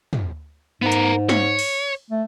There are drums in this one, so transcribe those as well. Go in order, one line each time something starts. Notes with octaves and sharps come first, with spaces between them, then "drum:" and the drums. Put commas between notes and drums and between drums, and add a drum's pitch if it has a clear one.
drum: tom
G#2 B3 A#4
drum: hi-hat
C#5, drum: snare
drum: open hi-hat
A3